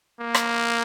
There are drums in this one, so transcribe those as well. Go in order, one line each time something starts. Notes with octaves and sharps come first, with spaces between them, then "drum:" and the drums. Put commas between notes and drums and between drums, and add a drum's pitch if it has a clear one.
A#3
drum: rim click